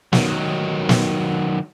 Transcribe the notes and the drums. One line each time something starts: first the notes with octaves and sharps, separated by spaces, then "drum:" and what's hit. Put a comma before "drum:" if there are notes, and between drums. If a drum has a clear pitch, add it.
D#3 F#3, drum: snare
drum: snare